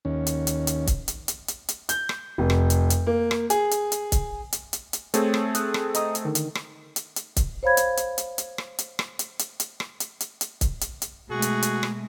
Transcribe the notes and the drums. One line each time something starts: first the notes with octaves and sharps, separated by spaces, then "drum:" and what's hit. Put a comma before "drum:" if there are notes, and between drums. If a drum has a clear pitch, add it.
D#2 C#4
drum: hi-hat
drum: hi-hat
drum: hi-hat
drum: kick, hi-hat
drum: hi-hat
drum: hi-hat
drum: hi-hat
drum: hi-hat
G6, drum: hi-hat
drum: rim click
F1
drum: rim click
drum: hi-hat
drum: hi-hat
A#3
drum: rim click
G#4, drum: hi-hat
drum: hi-hat
drum: hi-hat
drum: kick, hi-hat
drum: hi-hat
drum: hi-hat
drum: hi-hat
A3 C4 G#4 C#5, drum: hi-hat
drum: rim click
D#6 F#6, drum: hi-hat
drum: rim click
D#5 A#5 D#6, drum: hi-hat
drum: hi-hat
D3 D#3
drum: hi-hat
drum: rim click
drum: hi-hat
drum: hi-hat
drum: kick, hi-hat
C5 C#5 F5 B5 G#6
drum: hi-hat
drum: hi-hat
drum: hi-hat
drum: hi-hat
drum: rim click
drum: hi-hat
drum: rim click
drum: hi-hat
drum: hi-hat
drum: hi-hat
drum: rim click
drum: hi-hat
drum: hi-hat
drum: hi-hat
drum: kick, hi-hat
drum: hi-hat
drum: hi-hat
B2 G#3 A3 F#4 G#4
drum: hi-hat
drum: hi-hat
drum: rim click